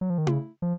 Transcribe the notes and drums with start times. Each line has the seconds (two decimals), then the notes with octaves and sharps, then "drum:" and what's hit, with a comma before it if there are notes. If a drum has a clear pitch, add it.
0.01 F#3
0.10 F3
0.18 D#3
0.27 C#3, drum: tom E4
0.62 F3